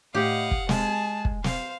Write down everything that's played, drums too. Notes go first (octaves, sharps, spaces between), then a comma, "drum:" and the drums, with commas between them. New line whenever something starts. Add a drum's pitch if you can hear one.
A2 G4 D#5 F5 F#5 D#6
drum: kick
G#3 G#4 G#5 A5, drum: snare
drum: kick
C5 F5, drum: snare